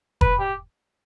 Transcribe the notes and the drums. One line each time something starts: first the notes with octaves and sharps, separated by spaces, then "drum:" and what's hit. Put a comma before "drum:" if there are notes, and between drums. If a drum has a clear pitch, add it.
B4, drum: kick
G4